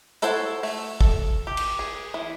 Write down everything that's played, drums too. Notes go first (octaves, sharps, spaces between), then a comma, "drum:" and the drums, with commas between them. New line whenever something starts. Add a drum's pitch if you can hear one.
E4 A4 C5 C#5 F#5, drum: hi-hat
A3, drum: open hi-hat
A4, drum: kick
G4
drum: cymbal
G#4
E3